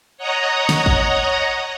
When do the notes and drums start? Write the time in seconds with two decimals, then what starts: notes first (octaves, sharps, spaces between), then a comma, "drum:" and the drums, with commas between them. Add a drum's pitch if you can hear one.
0.17 C#5 D#5 F#5 A#5 D#6
0.69 drum: snare
0.86 drum: kick